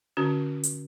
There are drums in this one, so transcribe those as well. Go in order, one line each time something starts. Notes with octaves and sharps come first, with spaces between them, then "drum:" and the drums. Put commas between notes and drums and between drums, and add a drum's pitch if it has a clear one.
D3 C#4 F#4
drum: hi-hat